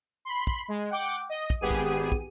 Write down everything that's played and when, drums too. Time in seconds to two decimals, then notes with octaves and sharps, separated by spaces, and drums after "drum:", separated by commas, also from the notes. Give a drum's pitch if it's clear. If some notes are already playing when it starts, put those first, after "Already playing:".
0.25 B5 C6
0.47 drum: kick
0.68 G#3
0.90 F#5 G5 D6
1.29 D#5
1.50 drum: kick
1.61 G#1 B3 G4 G#4 D#7
1.71 drum: kick
2.12 drum: kick